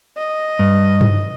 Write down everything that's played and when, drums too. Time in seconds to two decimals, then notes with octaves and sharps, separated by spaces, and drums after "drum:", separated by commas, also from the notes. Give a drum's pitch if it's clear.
0.17 D#5
0.59 G2
1.01 drum: tom G2